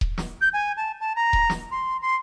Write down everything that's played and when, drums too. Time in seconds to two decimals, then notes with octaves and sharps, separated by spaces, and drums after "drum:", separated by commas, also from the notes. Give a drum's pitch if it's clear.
0.01 drum: kick D#1
0.18 drum: snare
0.41 G6
0.53 G#5
0.77 A5
1.00 A5
1.16 A#5
1.33 drum: kick D#1
1.50 drum: snare
1.71 C6
2.02 C6